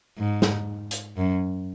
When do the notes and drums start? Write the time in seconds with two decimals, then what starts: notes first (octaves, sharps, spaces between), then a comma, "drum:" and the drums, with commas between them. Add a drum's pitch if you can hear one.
0.18 G#2
0.42 drum: snare
0.91 drum: hi-hat
1.17 F#2